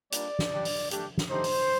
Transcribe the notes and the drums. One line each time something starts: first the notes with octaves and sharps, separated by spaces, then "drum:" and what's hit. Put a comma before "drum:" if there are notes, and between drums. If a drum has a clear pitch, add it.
G3 A#3 D4 F4 D5, drum: hi-hat
drum: snare
G3 D4 G4
drum: open hi-hat
A3 D4 G4, drum: hi-hat
drum: snare
A3 D#4 G4 C5
drum: open hi-hat